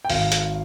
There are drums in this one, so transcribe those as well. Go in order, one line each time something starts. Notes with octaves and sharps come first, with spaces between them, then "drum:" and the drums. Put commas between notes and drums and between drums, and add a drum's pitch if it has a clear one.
G5
G#1 F5, drum: open hi-hat
drum: hi-hat